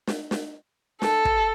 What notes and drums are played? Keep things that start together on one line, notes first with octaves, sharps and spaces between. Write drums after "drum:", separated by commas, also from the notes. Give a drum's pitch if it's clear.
drum: snare
drum: snare
A4, drum: snare
drum: kick